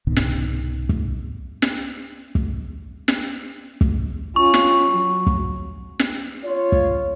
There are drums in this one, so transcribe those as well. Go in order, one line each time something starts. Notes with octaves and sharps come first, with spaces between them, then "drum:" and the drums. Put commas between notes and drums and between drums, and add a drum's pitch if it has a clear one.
C2 G#2 B2 D#3
drum: snare
drum: kick
drum: snare
drum: kick
drum: snare
drum: kick
C#4 F4 C#6
drum: snare
F#3
drum: kick
drum: snare
F4 C#5
drum: kick